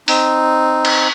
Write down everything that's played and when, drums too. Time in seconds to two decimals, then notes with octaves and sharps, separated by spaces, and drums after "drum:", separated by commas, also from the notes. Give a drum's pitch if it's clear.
0.08 C4 D#4, drum: open hi-hat
0.85 drum: cymbal